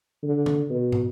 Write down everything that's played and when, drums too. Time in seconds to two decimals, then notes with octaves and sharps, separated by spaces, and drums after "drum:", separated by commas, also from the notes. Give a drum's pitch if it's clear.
0.23 D3
0.46 drum: tom D3
0.70 B2
0.92 drum: tom